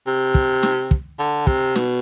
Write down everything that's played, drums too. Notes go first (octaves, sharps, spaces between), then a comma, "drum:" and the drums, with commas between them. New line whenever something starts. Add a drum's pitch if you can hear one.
C3
drum: kick
drum: snare
drum: kick
D3
C3, drum: kick
B2, drum: snare